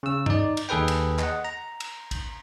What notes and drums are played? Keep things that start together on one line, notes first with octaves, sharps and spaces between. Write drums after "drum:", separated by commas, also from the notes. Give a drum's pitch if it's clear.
C#3 E6
D#4 D5, drum: tom G2
drum: cymbal
D#2 G#4 A4 B4 G5
drum: cymbal
D#5 F#5, drum: clap
A#5
drum: cymbal
drum: kick, cymbal